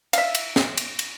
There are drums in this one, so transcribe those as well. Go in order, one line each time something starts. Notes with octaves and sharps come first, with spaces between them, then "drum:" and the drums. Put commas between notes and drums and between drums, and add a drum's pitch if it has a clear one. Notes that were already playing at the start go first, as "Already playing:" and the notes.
E5 F5, drum: cymbal
drum: cymbal
drum: snare
drum: cymbal
drum: cymbal